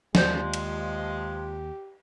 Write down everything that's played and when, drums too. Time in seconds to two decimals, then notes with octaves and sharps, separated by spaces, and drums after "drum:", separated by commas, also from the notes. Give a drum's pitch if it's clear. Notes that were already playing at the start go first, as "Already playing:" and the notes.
0.15 D#2 F3 G#3 G4 D5 G6, drum: snare
0.54 drum: cymbal